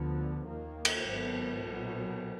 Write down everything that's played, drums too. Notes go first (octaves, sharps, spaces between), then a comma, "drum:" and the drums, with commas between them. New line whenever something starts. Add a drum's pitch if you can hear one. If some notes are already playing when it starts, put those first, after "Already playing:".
Already playing: D2 D3 F3 B3
D#2 D#3 A#3
drum: cymbal
G#1 G#2 F#3 B3
B1 A#2 F#3 B3